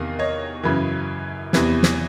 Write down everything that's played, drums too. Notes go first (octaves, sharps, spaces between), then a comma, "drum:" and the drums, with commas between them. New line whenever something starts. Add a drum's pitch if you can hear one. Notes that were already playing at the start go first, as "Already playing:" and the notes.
Already playing: E2 C3 D#3 F5
C#5 D#5
F#2 C#3 E3
E2 C3 E3, drum: snare
drum: snare